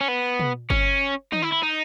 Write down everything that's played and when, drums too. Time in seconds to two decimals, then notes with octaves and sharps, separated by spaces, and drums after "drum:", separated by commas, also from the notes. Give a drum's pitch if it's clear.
0.01 C#4
0.08 B3
0.40 drum: tom
0.70 C#4, drum: kick
1.32 D#4, drum: tom
1.42 E4
1.52 E4
1.63 D#4